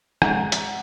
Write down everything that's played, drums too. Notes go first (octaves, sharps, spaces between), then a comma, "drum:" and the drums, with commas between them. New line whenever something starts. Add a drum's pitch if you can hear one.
G#3 F#5 A#5, drum: rim click
drum: hi-hat